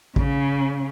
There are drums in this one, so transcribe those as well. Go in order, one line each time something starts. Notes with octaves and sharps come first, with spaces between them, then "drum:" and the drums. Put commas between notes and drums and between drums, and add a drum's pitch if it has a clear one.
C#3, drum: kick